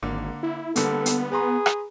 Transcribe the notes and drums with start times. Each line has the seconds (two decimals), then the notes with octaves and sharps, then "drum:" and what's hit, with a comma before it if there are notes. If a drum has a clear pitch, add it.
0.03 G#1 D3 A#3
0.43 E4
0.76 D3 G3 A#3 B3 A4, drum: hi-hat
1.06 drum: hi-hat
1.32 G#4 B4 A#5 C6
1.66 drum: rim click